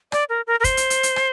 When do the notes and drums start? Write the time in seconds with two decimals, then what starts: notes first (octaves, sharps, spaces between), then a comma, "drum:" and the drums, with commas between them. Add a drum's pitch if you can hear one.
0.12 D5, drum: rim click
0.29 A#4
0.47 A#4
0.60 A#4
0.64 C5, drum: kick, hi-hat
0.77 drum: hi-hat
0.90 drum: hi-hat
1.03 drum: hi-hat
1.16 drum: rim click